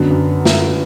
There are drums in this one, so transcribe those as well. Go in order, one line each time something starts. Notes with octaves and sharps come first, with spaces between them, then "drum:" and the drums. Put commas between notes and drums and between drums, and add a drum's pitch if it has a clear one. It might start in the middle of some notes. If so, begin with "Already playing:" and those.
Already playing: F#2 D3 B3
F#2
drum: snare